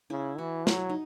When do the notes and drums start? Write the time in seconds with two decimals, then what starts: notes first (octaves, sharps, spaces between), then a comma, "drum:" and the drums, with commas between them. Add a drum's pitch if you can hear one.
0.10 C#3 E4
0.38 E3 F#4
0.67 F#3 E4, drum: snare
0.90 D#4